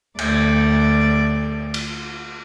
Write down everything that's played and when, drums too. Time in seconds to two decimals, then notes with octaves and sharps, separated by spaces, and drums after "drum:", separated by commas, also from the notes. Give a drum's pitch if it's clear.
0.19 D2 D5, drum: cymbal
1.74 drum: cymbal